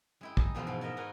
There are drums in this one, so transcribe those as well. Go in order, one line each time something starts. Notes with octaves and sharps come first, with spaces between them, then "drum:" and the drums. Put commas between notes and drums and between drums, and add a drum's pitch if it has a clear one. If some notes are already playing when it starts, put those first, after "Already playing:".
G#3 E4 G5
D#4, drum: kick
E2 B2 F3 E4 G5 C6
G#2 B2
G#2 A#4 D#5 E5
D#4 F#4 A#4 B4 D#5 G#5